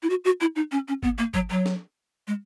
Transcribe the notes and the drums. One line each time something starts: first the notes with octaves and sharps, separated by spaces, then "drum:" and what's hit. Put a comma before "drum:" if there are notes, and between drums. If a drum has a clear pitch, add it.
E4
F#4
F#4
E4
D#4
C#4
C#4
B3, drum: kick G1
A#3
F#3, drum: kick G1
F#3
drum: snare
G#3